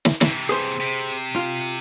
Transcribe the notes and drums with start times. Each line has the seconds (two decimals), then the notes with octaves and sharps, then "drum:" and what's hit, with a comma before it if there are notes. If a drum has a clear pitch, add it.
0.05 drum: snare
0.21 C3 E3, drum: snare
0.49 G#4 B4 C5
0.80 C3
1.36 F4